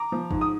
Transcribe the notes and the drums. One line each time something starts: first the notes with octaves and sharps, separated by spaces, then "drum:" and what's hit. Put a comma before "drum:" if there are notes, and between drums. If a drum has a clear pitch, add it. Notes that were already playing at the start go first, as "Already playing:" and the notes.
Already playing: A#5 D6
F3
G#2, drum: kick G#1
D#6